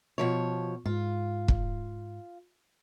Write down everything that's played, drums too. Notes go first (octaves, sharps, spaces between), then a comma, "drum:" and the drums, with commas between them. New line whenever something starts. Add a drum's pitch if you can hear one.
B2 F3 C#5
G#2 F4
drum: kick